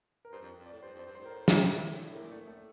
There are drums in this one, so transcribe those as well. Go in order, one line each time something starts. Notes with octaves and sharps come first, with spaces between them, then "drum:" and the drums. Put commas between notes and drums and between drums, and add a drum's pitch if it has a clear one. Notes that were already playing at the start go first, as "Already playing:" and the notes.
A#4
G2 C5
F2
F2
D5
A2
G2 C5
F2
C5
G2
C5
A2
A#4
C5
D5, drum: snare
G4
E4
D4
A#3
A#2
A2 A3
A3